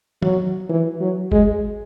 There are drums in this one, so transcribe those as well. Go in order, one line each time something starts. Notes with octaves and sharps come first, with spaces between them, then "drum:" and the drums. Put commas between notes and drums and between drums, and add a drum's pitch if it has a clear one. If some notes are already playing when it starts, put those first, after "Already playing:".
F#3, drum: tom
E3
F#3
G#3, drum: kick G1